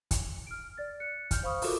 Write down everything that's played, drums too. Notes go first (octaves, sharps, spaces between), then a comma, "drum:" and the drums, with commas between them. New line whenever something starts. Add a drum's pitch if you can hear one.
drum: kick, hi-hat
F6 D7
D5 A6
F#6 C#7
F6 G6, drum: kick, hi-hat
C5 F5 B5 C#6 D#6
F4 F#4 A4 A#4 D6, drum: open hi-hat